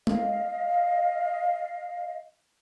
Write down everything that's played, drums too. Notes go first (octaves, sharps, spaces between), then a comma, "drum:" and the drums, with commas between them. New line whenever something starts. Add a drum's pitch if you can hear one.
D#5 F5, drum: tom G#3